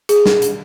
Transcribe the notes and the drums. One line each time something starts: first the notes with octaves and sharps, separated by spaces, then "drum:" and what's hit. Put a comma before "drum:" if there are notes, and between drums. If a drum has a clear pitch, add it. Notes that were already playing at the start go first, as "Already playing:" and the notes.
G#4, drum: hi-hat
drum: snare
drum: hi-hat